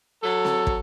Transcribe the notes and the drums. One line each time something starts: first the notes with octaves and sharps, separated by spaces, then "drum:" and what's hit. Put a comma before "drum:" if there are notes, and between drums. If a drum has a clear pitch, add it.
F#3 A4
drum: snare C4
drum: kick